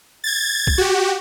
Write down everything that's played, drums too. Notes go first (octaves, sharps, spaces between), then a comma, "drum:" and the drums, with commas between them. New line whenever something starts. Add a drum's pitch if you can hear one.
G#6 A6
drum: kick
F#4 G4